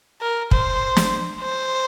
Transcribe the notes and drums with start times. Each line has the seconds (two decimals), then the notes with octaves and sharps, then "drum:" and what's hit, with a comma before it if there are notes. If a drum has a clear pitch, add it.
0.21 A#4
0.51 C5, drum: kick
0.97 drum: snare
1.41 C5